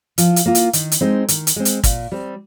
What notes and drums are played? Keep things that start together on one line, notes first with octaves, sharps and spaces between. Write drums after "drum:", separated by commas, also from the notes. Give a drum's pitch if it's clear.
F3, drum: hi-hat
drum: hi-hat
A#3 F4
drum: hi-hat
D#3, drum: hi-hat
drum: hi-hat
G#3 C4 D#4
D#3, drum: hi-hat
drum: hi-hat
G#3 C4
drum: hi-hat
A#2, drum: kick G#1, hi-hat
G3 C4